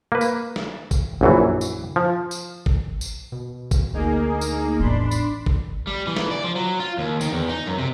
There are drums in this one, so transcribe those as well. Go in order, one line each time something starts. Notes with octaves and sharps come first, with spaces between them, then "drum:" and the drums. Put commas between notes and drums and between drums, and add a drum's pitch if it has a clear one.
A#3 B4
drum: tambourine
drum: snare
drum: kick, tambourine
A#1 F#2 E3
drum: tambourine
F3
drum: tambourine
drum: kick
drum: tambourine
B2
drum: kick, tambourine
D2 A#3 D#4 G#4
drum: tambourine
A1 E2 D4 B5 C6
drum: tambourine
drum: kick
G3
E3
drum: snare
D5
F3
F#3
F4
D#2
D#3, drum: tambourine
E2
D#4
F#2
C3